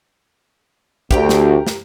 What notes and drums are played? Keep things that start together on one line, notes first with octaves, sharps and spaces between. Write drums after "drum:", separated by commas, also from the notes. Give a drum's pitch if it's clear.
D2 G4 A#4 G5, drum: kick
drum: snare
drum: snare